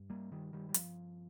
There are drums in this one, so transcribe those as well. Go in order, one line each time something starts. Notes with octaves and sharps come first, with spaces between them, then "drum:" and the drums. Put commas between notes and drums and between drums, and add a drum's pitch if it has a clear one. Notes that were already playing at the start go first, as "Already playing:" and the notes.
Already playing: G2
G3 A#3
D#3 G3
D#3 G3
G3
F3, drum: hi-hat